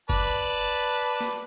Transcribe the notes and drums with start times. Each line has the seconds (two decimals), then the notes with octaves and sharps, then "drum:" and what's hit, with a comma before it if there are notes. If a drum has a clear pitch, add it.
0.10 B4 D5 A5, drum: kick F#1
1.21 drum: snare